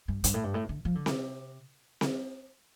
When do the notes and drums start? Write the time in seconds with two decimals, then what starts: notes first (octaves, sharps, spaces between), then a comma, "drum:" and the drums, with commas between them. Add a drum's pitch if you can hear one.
0.08 G2
0.24 G2, drum: hi-hat
0.34 A2
0.44 G2
0.54 A2
0.69 D3
0.85 F3
0.95 D3
1.06 C3, drum: snare C4
2.01 drum: snare C4